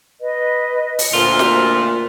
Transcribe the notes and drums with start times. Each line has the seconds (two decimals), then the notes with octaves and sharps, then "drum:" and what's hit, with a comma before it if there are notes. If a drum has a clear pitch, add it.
0.20 B4 D#5
0.99 drum: open hi-hat
1.13 D2 A#2 F4 C5
1.39 drum: snare